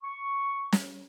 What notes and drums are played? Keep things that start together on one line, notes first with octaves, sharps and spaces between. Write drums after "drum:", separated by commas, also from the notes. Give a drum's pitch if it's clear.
C#6
drum: snare